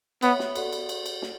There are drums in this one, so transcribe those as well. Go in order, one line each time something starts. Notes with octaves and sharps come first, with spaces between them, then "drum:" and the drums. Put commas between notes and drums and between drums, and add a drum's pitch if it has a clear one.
B3 C#5 E5 B5, drum: cymbal
drum: snare
F#4 A4 D5 F#5, drum: cymbal
drum: cymbal
drum: cymbal
drum: cymbal
drum: snare